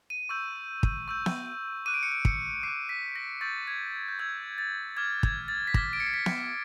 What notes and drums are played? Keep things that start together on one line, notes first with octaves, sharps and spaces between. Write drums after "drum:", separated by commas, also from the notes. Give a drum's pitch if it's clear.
D#7
C#6 E6 G6
drum: kick
C#6 E6 G6
drum: snare B3
D6 F#6 D#7
D7
C#7
D7
C#7, drum: kick
D6 F#6 C7
B6
A#6
C#6 E6 G6 A6
G#6
G6
C#6 E6 G6 G#6
A6
D6 F6 G#6
G#6, drum: kick
A6
B6
D6 F6 A#6, drum: kick
D7
C#7
C7
B6
drum: snare B3